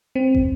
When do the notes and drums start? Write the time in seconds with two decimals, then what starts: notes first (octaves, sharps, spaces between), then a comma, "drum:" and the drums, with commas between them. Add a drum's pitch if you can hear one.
0.15 C4
0.35 drum: kick